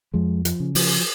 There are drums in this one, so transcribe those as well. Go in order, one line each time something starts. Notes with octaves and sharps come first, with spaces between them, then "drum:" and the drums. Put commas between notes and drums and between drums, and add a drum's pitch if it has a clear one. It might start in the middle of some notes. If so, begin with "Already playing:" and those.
F2 F3 G#3
F3, drum: hi-hat
C#3
F3, drum: open hi-hat